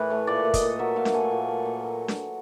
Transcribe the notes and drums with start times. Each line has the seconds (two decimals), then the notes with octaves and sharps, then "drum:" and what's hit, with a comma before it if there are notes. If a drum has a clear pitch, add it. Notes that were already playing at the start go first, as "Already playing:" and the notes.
Already playing: A2 E3 B4
0.10 A3 C#5
0.27 A#2 D5
0.45 A3
0.54 D#5, drum: kick, hi-hat
0.62 A#2
0.79 F#3 E5
0.96 A#2 F5
1.05 drum: snare D4
1.14 A3 G#5
1.31 A#2
1.48 A3
1.65 A#2
1.83 F#3
2.08 drum: snare D4